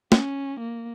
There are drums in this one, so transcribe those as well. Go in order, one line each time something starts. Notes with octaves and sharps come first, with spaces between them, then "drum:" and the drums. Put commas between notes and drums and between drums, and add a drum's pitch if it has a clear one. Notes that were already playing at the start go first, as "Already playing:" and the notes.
C#4, drum: snare
A#3